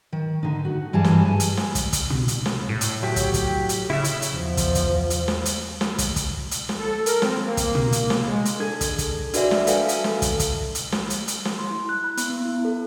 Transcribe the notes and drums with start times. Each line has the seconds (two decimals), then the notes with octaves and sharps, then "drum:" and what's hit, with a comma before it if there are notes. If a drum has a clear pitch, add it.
0.13 D#3
0.43 D3 D#4
0.65 F#4
0.93 G2 E3 G3 G#4 A5
1.04 drum: snare
1.25 G#5
1.40 drum: hi-hat
1.57 drum: snare
1.75 drum: kick, hi-hat
1.93 drum: kick, hi-hat
2.10 drum: tom
2.28 drum: hi-hat
2.46 drum: snare
2.69 A2
2.81 drum: hi-hat
3.03 F#3 G4
3.16 drum: kick, hi-hat
3.34 drum: kick, hi-hat
3.69 drum: hi-hat
3.90 C#3 E4 E5
4.04 drum: hi-hat
4.22 drum: hi-hat
4.33 E2 F3
4.57 drum: kick, hi-hat
4.75 drum: kick, hi-hat
5.10 drum: hi-hat
5.28 drum: snare
5.45 drum: hi-hat
5.81 drum: snare
5.98 drum: kick, hi-hat
6.16 drum: kick, hi-hat
6.51 drum: hi-hat
6.69 drum: snare
6.79 A4
7.06 A#4, drum: hi-hat
7.22 C4, drum: snare
7.46 A#3
7.57 drum: kick, hi-hat
7.75 drum: tom
7.92 drum: hi-hat
8.10 drum: snare
8.25 G#3
8.45 drum: hi-hat
8.60 D4 G#4 A4 G#6
8.81 drum: kick, hi-hat
8.98 drum: kick, hi-hat
9.34 D4 F#4 B4 D5 E5, drum: hi-hat
9.51 drum: snare
9.67 A4 B4 E5 F5 G5 G#5, drum: hi-hat
9.89 A4, drum: hi-hat
10.04 drum: snare
10.22 drum: kick, hi-hat
10.39 drum: kick, hi-hat
10.75 drum: hi-hat
10.92 drum: snare
11.10 drum: hi-hat
11.28 drum: hi-hat
11.45 drum: snare
11.59 C6
11.71 E4
11.89 F#6
12.04 B5
12.17 B3, drum: hi-hat
12.30 B3
12.45 E4
12.65 A4